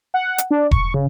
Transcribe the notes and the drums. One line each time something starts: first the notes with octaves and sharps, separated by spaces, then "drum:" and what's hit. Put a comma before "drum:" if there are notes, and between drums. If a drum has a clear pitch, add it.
F#5
drum: hi-hat
D4
C#6, drum: kick E1
C#3